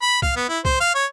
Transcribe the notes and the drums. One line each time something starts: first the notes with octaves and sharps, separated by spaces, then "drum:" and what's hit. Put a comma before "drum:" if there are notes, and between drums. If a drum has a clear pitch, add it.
B5
F5, drum: kick
B3
E4
C5, drum: kick
F5
C#5